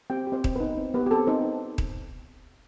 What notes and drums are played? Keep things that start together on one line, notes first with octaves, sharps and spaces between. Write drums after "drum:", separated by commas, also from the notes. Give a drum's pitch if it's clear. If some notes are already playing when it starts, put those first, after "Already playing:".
C4 G4 G5
G4
C4 C5
C4, drum: kick D#1
B3 B4
D#4
C4
B3 G4 B4
G4
C4 A4
C4 D#4 C5
drum: kick D#1